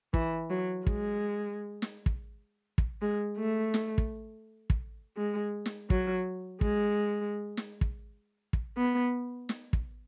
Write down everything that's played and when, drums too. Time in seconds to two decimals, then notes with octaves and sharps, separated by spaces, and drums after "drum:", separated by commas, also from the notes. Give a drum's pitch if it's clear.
0.14 E3, drum: kick
0.50 F#3
0.87 G#3, drum: kick
1.82 drum: snare
2.06 drum: kick
2.78 drum: kick
3.02 G#3
3.38 A3
3.74 drum: snare
3.98 drum: kick
4.70 drum: kick
5.17 G#3
5.66 drum: snare
5.90 F#3, drum: kick
6.61 G#3, drum: kick
7.57 drum: snare
7.81 drum: kick
8.53 drum: kick
8.78 B3
9.49 drum: snare
9.73 drum: kick